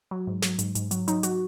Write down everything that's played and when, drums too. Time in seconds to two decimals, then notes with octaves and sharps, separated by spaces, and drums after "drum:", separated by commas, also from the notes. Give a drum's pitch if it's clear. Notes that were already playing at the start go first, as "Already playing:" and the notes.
0.11 F#3
0.27 G#2
0.42 F#3, drum: snare
0.59 G#2, drum: hi-hat
0.75 G#2, drum: hi-hat
0.91 F#3, drum: hi-hat
1.08 F#3 D#4, drum: hi-hat
1.23 F#3 F#4, drum: hi-hat